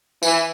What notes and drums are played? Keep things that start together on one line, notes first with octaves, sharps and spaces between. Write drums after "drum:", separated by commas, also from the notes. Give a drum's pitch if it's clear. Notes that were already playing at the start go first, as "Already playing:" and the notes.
E3, drum: tambourine